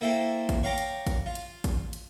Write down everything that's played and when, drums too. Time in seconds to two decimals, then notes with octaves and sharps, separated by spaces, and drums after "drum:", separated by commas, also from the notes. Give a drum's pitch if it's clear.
0.01 A#3 E4 A4 C5 G5
0.49 drum: kick, hi-hat
0.63 C#5 F5 G5 A#5 D6
0.78 drum: hi-hat
1.07 drum: kick, hi-hat
1.26 F4
1.35 drum: hi-hat
1.64 drum: kick, hi-hat
1.93 drum: hi-hat